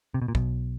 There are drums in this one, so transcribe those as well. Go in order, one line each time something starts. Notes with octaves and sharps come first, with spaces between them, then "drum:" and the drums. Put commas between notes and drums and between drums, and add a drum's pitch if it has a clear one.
C3
B2
A#2
B1 B2, drum: kick